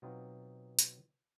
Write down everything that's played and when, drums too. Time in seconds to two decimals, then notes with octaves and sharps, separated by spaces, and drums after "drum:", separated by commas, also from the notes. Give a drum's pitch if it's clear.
0.02 B2 F#3 B3 C4 D#4 F4
0.79 drum: hi-hat